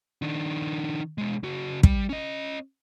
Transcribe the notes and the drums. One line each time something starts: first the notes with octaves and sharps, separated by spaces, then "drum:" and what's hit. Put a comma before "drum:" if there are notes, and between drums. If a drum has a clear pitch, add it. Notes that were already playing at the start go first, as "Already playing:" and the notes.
D#3 D4
B2 G#3
C#3 F#4
G3, drum: kick
C#4 D#5